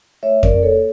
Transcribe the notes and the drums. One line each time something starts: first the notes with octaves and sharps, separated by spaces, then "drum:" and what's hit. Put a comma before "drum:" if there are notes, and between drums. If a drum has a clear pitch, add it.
A3 C#5 E5
C#4 A#4 D5, drum: kick F2
A#3 A4 C#5